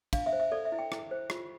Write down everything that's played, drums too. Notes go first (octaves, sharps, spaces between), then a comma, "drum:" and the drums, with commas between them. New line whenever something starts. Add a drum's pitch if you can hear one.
D4 F5, drum: kick, cymbal
E5
C5
E5
A4 D5
E5
E4
G5
E4, drum: rim click
C5
F4, drum: rim click